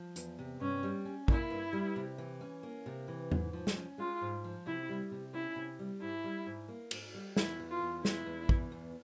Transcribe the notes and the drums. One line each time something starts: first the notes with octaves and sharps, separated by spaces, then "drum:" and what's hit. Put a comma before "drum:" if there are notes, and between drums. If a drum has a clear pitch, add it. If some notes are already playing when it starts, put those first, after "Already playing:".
Already playing: F3
E2, drum: hi-hat
C3
G2 C#4
G3
C#4
A#3 E4, drum: kick
G2
G3
C3
E3
C#4
A#3
C3
E3
G#2, drum: tom E2
F3
drum: snare
C#4
G#3 F4
G#2
F3
C3 E4
G3
C3
C#4 E4
C3
G3
G#2 E4
G3
G#2
A#3
G#2, drum: cymbal
G3
E2 E4, drum: snare
E3
F4
E2
G#3 E4, drum: snare
E2
E3, drum: kick
E2